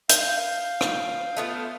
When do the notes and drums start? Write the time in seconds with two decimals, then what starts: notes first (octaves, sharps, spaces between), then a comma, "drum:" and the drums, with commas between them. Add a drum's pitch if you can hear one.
0.09 F5 G6, drum: hi-hat
0.81 drum: rim click
1.37 A3 B3 F4